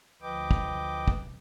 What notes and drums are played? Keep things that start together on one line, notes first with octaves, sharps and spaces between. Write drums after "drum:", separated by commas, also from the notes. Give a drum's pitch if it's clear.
D2 F3 B4 D#5 G5 D6
drum: kick
drum: kick